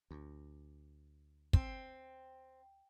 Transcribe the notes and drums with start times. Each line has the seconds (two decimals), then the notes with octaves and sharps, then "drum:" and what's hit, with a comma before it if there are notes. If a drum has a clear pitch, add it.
0.11 D2
1.53 C4, drum: kick